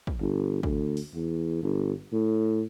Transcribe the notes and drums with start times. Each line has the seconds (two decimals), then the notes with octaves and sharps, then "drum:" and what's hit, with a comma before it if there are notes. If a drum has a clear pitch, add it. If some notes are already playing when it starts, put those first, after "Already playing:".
0.07 drum: kick
0.20 G1
0.63 D2, drum: kick
0.97 drum: open hi-hat
1.15 E2
1.63 G1
2.12 A2